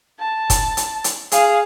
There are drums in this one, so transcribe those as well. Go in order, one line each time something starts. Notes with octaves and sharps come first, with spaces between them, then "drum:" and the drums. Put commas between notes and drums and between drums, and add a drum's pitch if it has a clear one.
A5
drum: kick, hi-hat
drum: hi-hat
drum: hi-hat
G#4 F5, drum: hi-hat